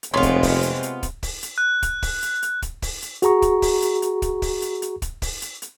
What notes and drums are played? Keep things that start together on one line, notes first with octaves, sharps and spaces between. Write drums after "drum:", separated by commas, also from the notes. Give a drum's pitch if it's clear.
drum: hi-hat
F1 C3 G#3 B3 C4 F4 C#5 C6
drum: kick, hi-hat
drum: kick, open hi-hat
drum: hi-hat
drum: hi-hat
drum: kick, hi-hat
drum: kick, open hi-hat
drum: hi-hat
F#6
drum: kick, hi-hat
drum: kick, open hi-hat
drum: hi-hat
drum: hi-hat
drum: kick, hi-hat
drum: kick, open hi-hat
drum: hi-hat
F#4 G#4 A#5 C#6, drum: hi-hat
drum: kick, hi-hat
drum: kick, open hi-hat
drum: hi-hat
drum: hi-hat
drum: kick, hi-hat
drum: kick, open hi-hat
drum: hi-hat
drum: hi-hat
drum: kick, hi-hat
drum: kick, open hi-hat
drum: hi-hat
drum: hi-hat